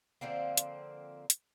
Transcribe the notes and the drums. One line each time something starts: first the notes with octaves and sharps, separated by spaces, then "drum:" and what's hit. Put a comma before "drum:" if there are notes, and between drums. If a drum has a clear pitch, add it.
D3 F3 A#3 C4
drum: hi-hat
drum: hi-hat